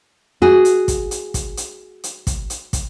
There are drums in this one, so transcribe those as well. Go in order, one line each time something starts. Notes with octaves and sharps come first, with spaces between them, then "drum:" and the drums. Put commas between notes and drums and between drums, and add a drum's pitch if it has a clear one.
F#4 G#4
drum: hi-hat
drum: kick, hi-hat
drum: hi-hat
drum: kick, hi-hat
drum: hi-hat
drum: hi-hat
drum: kick, hi-hat
drum: hi-hat
drum: kick, hi-hat